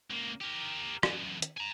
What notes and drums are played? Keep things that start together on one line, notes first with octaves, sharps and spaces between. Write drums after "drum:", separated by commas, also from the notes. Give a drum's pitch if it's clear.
C#2 A#3
G4 A#4
F#2 E3, drum: rim click
drum: hi-hat
G#5 A#5